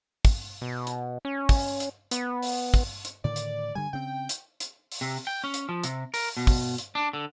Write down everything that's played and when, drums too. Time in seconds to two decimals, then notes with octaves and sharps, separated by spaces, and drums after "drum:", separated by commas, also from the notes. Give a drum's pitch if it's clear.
0.25 drum: kick, open hi-hat
0.62 B2
0.87 drum: hi-hat
1.25 C#4
1.49 drum: kick, open hi-hat
1.80 drum: hi-hat
2.11 B3, drum: hi-hat
2.43 drum: open hi-hat
2.74 drum: kick, open hi-hat
3.05 drum: hi-hat
3.24 A2 D3 D#3 D5
3.36 drum: hi-hat
3.75 G2 D3 G3 G#5
3.93 C#3 C4 G5
4.29 drum: hi-hat
4.60 drum: hi-hat
4.92 drum: open hi-hat
5.01 C3
5.27 G5
5.44 C#4
5.54 drum: hi-hat
5.69 F3
5.84 C3, drum: hi-hat
6.14 A#4, drum: open hi-hat
6.37 B2
6.47 drum: kick, open hi-hat
6.78 drum: hi-hat
6.95 D4
7.13 D3